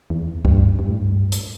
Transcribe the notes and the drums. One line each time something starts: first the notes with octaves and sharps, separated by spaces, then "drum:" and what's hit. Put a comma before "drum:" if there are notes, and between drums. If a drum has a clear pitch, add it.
E2
G2, drum: kick C#2
G2
A2
G2
drum: hi-hat